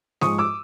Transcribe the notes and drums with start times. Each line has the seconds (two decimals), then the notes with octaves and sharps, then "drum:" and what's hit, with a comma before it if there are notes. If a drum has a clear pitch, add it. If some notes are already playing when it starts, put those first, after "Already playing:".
0.21 G#2 F3 G#3 C#6 D#6, drum: snare
0.38 D6 E6